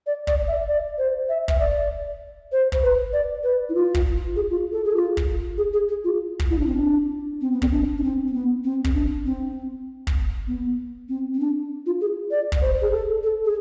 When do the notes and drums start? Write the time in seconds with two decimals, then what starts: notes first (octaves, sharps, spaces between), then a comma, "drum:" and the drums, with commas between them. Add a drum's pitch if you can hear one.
0.06 D5
0.27 D5, drum: kick
0.48 E5
0.68 D5
0.98 C5
1.29 E5
1.48 E5, drum: kick
1.60 D5
2.52 C5
2.72 drum: kick
2.83 B4
3.13 D5
3.43 B4
3.69 E4
3.75 F4
3.94 drum: kick
4.36 G#4
4.50 F4
4.72 A4
4.84 G#4
4.96 F4
5.17 drum: kick
5.57 G#4
5.73 G#4
5.89 G#4
6.04 F4
6.39 drum: kick
6.50 E4
6.58 D4
6.67 C4
6.76 D4
7.41 C4
7.52 B3
7.62 C4, drum: kick
7.72 D4
7.98 D4
8.03 C4
8.27 C4
8.34 B3
8.64 C4
8.84 drum: kick
8.94 D4
9.25 C4
10.07 drum: kick
10.47 B3
11.09 C4
11.34 C4
11.40 D4
11.86 F4
12.01 G#4
12.31 D5
12.52 drum: kick
12.62 C5
12.82 G#4
12.92 A4
13.23 A4
13.45 G#4